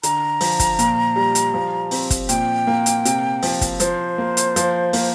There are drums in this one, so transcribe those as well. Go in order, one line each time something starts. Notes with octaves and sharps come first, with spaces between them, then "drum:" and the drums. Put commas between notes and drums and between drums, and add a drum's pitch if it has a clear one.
D3 A#5, drum: hi-hat
F3, drum: open hi-hat
drum: kick, hi-hat
A#2, drum: hi-hat
G3
drum: hi-hat
F3
C4, drum: open hi-hat
drum: kick, hi-hat
A#2 G5, drum: hi-hat
A#3
drum: hi-hat
C3, drum: hi-hat
F3, drum: open hi-hat
drum: kick, hi-hat
F3 C5, drum: hi-hat
A#3
drum: hi-hat
F3, drum: hi-hat
A#3, drum: open hi-hat